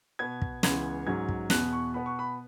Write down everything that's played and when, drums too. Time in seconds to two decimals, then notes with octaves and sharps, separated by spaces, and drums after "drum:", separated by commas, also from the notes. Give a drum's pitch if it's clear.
0.19 B2 B3 G#6
0.42 drum: kick
0.63 C#2 C#3 E3 B3 G#6, drum: snare
1.07 G#2 F#3 C#4 G#6
1.29 drum: kick
1.50 E2 B2 B3 F#6, drum: snare
1.73 C#6
1.94 B2 B3 B5
2.06 C#6
2.19 B5